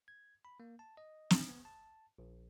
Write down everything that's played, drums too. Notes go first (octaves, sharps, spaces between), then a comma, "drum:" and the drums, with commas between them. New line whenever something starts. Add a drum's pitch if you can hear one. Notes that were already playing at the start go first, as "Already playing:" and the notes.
G#6
B5
A#3
A5
D#5
D#4, drum: snare
B3
A5
A#1